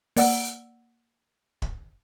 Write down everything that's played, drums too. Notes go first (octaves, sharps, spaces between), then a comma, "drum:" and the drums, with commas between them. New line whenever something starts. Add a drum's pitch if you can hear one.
A#3 D5 F#5 E6, drum: open hi-hat
drum: kick